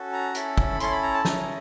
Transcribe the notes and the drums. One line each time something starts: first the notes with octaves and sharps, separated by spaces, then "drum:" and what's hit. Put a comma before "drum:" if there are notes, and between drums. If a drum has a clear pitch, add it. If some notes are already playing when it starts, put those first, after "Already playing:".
Already playing: C#4 F#4 A4
A#5
C#4 E4 A4 B5, drum: hi-hat
drum: kick
C#4 E4 A4 C6, drum: hi-hat
B5
A#5
A5
C#4 E4 G#4 A#5, drum: snare